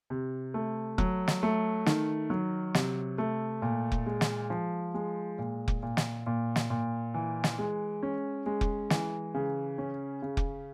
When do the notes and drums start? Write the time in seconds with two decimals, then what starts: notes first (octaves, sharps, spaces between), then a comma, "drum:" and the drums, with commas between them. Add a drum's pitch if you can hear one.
0.10 C3
0.54 A3
0.98 F#3, drum: kick F1
1.28 drum: snare
1.43 A3
1.86 D#3, drum: snare
2.30 F#3
2.74 C3, drum: snare
3.18 A3
3.62 A#2
3.92 drum: kick F1
4.06 G#3
4.21 drum: snare
4.50 F3
4.94 G#3
5.38 A#2
5.68 drum: kick F1
5.83 A#2
5.97 drum: snare
6.26 A#2
6.56 drum: snare
6.70 A#2
7.14 E3
7.44 drum: snare
7.59 G#3
8.03 C#4
8.46 G#3
8.61 drum: kick F1
8.90 E3, drum: snare
9.34 C#3
9.78 C#4
10.22 C#3
10.37 drum: kick F1